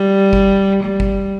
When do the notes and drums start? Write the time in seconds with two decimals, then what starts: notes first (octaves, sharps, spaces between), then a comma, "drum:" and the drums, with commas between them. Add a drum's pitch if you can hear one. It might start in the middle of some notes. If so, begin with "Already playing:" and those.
Already playing: G3
0.33 drum: kick
0.83 G3
1.00 drum: kick